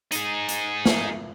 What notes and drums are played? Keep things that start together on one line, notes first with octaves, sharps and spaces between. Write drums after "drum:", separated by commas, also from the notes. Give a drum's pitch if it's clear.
D#4 G#4, drum: hi-hat
drum: hi-hat
drum: snare